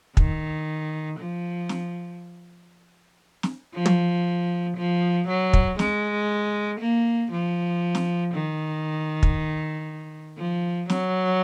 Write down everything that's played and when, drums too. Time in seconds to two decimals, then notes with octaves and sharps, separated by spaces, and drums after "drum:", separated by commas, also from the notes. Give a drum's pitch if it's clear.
0.17 D#3, drum: kick
1.19 F3
1.69 drum: snare
3.43 drum: snare
3.74 F3
3.86 drum: tom
4.77 F3
5.28 F#3
5.53 drum: kick
5.79 G#3, drum: snare
6.80 A#3
7.32 F3
7.95 drum: snare
8.34 D#3
9.23 drum: kick
10.38 F3
10.90 F#3, drum: snare